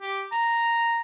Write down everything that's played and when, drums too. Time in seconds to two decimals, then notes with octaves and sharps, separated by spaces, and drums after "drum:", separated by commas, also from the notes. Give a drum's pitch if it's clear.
0.02 G4
0.32 A#5, drum: open hi-hat